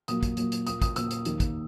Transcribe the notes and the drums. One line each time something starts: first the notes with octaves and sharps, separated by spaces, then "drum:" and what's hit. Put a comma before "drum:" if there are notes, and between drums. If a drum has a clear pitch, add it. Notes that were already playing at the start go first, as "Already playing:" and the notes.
A#2 F#3 A#3 D#6, drum: hi-hat
drum: kick, hi-hat
A#2 F#3 A#3, drum: hi-hat
drum: hi-hat
A#2 A#3 D#6, drum: hi-hat
D#6, drum: kick, hi-hat
A#2 A#3 E6, drum: hi-hat
drum: hi-hat
D#2 D#3 A#3, drum: hi-hat
drum: kick, hi-hat